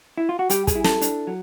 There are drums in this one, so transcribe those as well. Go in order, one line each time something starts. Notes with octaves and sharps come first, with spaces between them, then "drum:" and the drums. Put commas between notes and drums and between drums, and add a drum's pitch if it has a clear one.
E4
F4
F#4
G3 G4, drum: hi-hat
G#4, drum: kick, hi-hat
E4
A4, drum: snare
D4, drum: hi-hat
F#3